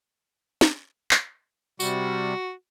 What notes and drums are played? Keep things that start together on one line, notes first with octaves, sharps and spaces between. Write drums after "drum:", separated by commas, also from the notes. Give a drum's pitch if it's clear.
drum: snare
drum: clap
C3 G3 F#4, drum: tambourine